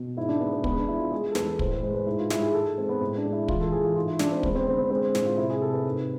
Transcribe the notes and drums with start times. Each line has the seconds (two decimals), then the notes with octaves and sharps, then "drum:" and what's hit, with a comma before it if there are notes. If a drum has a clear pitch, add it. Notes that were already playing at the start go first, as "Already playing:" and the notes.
Already playing: B2
0.17 G#2 E4
0.29 D4
0.41 G#3 B3
0.53 B3
0.64 G#3 B3, drum: kick
0.76 D4
0.88 G#3 E4
1.00 F4
1.12 G#3 G#4
1.32 A4
1.35 E2 B4, drum: snare
1.59 A2 C5, drum: kick
1.71 B4
1.83 G#3 C5
1.94 B4
2.06 G#2 E4
2.19 F4
2.30 G#2 E4, drum: snare
2.42 G#4
2.54 G#3 A4
2.78 G#3 C4
2.89 B3
3.01 A2
3.17 D4
3.25 G#3
3.33 E4
3.48 E3 F4, drum: kick
3.60 A4
3.72 E3 G#4
3.84 F4
3.96 G#2 F4
4.08 E4
4.19 G#2 D4, drum: snare
4.32 C4
4.43 G#3 B3, drum: kick
4.55 C4
4.67 D3 B3
4.79 C4
4.90 G#3 C4
5.15 A2, drum: snare
5.26 F4
5.37 C3 E4
5.50 G#4
5.62 C3 A4
5.73 B4
5.85 G#2